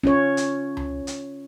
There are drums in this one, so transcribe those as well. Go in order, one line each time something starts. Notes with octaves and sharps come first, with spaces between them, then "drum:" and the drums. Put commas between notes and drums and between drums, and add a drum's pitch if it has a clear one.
C#4 F4 C#5
drum: hi-hat
drum: tom C#2
drum: hi-hat